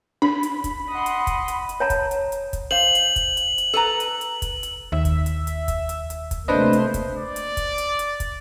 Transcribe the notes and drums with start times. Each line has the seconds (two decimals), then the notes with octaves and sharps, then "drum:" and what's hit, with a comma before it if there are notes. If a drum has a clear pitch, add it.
0.22 D4 B5
0.43 drum: hi-hat
0.64 drum: kick, hi-hat
0.89 D#5 F#5 C6
1.06 drum: hi-hat
1.27 drum: kick, hi-hat
1.48 drum: hi-hat
1.69 drum: hi-hat
1.80 C#5 A5 A#5
1.90 drum: kick, hi-hat
2.11 drum: hi-hat
2.32 drum: hi-hat
2.53 drum: kick, hi-hat
2.71 C5 F5 F#7
2.95 drum: hi-hat
3.16 drum: kick, hi-hat
3.37 drum: hi-hat
3.58 drum: hi-hat
3.73 A4 B4 A#5
4.00 drum: hi-hat
4.21 drum: hi-hat
4.42 drum: kick, hi-hat
4.63 drum: hi-hat
4.92 D#2 E5
5.05 drum: kick, hi-hat
5.26 drum: hi-hat
5.47 drum: hi-hat
5.68 drum: kick, hi-hat
5.89 drum: hi-hat
6.10 drum: hi-hat
6.31 drum: kick, hi-hat
6.48 C3 A3 A#3 D4 B4 C5 D#5
6.73 drum: hi-hat
6.94 drum: kick, hi-hat
7.18 D5
7.36 drum: hi-hat
7.57 drum: kick, hi-hat
7.78 drum: hi-hat
7.99 drum: hi-hat
8.20 drum: kick, hi-hat